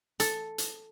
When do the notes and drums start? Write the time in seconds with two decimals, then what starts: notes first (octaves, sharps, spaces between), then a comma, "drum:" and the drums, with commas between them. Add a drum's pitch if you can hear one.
0.20 A4, drum: hi-hat
0.58 drum: hi-hat